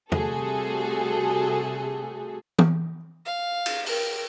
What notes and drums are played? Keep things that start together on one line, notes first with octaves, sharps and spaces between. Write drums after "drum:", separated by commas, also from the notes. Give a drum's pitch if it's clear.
C3 G3 A3 F#4 G#4 A4, drum: tom E2
drum: tom
F5
drum: cymbal
A#4 G5, drum: open hi-hat